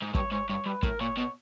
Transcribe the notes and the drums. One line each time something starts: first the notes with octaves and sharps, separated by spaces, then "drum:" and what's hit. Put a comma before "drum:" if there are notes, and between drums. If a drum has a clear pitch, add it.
G#2
G2 C#5, drum: kick
G#2 C#5
G2 C#5
G2 B4
A2 A#4, drum: kick
A#2 C#5
B2 C#5